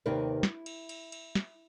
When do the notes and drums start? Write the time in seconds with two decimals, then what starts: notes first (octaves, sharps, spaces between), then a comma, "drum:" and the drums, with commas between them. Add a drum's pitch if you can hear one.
0.06 D#2 C3 D#4 A#4 B4 D5
0.43 E4, drum: snare
0.66 drum: cymbal
0.89 drum: cymbal
1.12 drum: cymbal
1.35 drum: snare